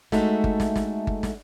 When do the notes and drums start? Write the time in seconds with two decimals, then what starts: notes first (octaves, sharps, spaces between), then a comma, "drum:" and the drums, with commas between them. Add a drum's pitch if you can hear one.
0.12 G#3 A3 D#4 F#4 A4 E5, drum: snare
0.44 drum: kick G1
0.60 drum: snare
0.76 drum: snare
1.07 drum: kick G1
1.23 drum: snare